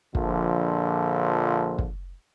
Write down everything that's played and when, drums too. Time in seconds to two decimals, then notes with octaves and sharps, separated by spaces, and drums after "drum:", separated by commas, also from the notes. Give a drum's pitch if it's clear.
0.15 A#1 D3 F3, drum: kick
1.78 drum: kick